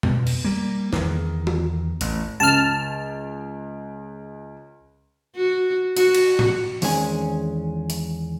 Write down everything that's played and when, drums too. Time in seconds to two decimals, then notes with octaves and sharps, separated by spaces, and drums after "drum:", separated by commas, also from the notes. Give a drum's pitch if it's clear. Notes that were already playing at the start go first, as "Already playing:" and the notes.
0.03 B2, drum: tom F2
0.27 drum: cymbal
0.44 G3 A#3
0.93 E2 D#3, drum: snare
1.47 drum: tom E3
2.01 A1, drum: hi-hat
2.40 C#2 A5 F6
5.36 F#4
5.97 F#4, drum: hi-hat
6.15 drum: cymbal
6.39 drum: tom
6.82 E2 D#3 G#3 C4 C#4 G#5, drum: open hi-hat
7.90 drum: hi-hat